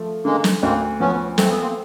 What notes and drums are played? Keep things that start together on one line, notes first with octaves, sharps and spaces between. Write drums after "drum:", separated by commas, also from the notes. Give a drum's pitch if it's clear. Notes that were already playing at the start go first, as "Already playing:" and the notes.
Already playing: F3 A3
D3 G#3 A#3
drum: snare
D2 A#3 C4
F3 B3 C#4
A3 C4, drum: snare
B3
A#3 C4